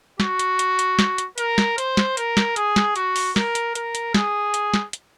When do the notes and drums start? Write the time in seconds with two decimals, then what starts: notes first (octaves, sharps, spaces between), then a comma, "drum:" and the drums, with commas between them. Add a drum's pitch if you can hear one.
0.20 F#4, drum: snare
0.39 drum: hi-hat
0.59 drum: hi-hat
0.79 drum: hi-hat
0.99 drum: snare
1.18 drum: hi-hat
1.38 A#4, drum: hi-hat
1.58 drum: snare
1.78 C5, drum: hi-hat
1.97 drum: snare
2.17 A#4, drum: hi-hat
2.37 drum: snare
2.56 G#4, drum: hi-hat
2.76 drum: snare
2.96 F#4, drum: hi-hat
3.16 drum: open hi-hat
3.36 A#4, drum: snare
3.55 drum: hi-hat
3.75 A#4, drum: hi-hat
3.95 drum: hi-hat
4.14 G#4, drum: snare
4.54 drum: hi-hat
4.74 drum: snare
4.93 drum: hi-hat